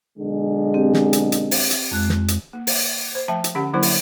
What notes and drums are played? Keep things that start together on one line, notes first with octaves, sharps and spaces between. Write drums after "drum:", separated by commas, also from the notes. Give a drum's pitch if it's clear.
B1 D3 G#3
C4 G4
drum: snare
drum: hi-hat
drum: hi-hat
drum: open hi-hat
drum: hi-hat
F2 G#3 F#6
drum: snare
drum: hi-hat
A#3
drum: open hi-hat
C5
F3 A3 E5 G5 A5
drum: hi-hat
D3 C#4 G4 F#5
D3 F#3 A#3 D4 E4 C5
drum: open hi-hat